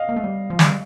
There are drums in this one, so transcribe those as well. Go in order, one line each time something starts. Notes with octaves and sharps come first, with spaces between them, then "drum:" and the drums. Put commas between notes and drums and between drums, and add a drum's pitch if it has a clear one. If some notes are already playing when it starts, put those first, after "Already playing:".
Already playing: D#5 F5
A#3
A3
G3
F3
G3, drum: snare